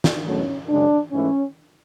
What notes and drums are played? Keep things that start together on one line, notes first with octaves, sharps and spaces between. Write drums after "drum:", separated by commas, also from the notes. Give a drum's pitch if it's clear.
drum: snare
E2 B2 F#3 A3 C#4
F#2 C#3 G#3 D4
G#2 E3 A3 C#4